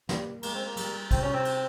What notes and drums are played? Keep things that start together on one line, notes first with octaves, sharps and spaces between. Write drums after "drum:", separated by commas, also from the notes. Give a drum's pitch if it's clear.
G3 A#3, drum: snare
G#3 A#3, drum: cymbal
C4
A#3
G3, drum: cymbal
C3 C4, drum: kick, cymbal
C#4
C4
drum: cymbal